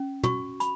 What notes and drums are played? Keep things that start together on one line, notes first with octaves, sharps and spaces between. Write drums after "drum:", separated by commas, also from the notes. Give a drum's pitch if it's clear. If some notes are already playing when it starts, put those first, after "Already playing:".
Already playing: C#4
F#4 C#6, drum: tom
B5, drum: hi-hat